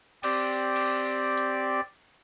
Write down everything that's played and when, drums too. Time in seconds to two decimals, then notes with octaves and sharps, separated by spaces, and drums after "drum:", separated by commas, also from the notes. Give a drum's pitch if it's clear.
0.23 C4 G4 D5, drum: cymbal
0.76 drum: cymbal
1.38 drum: hi-hat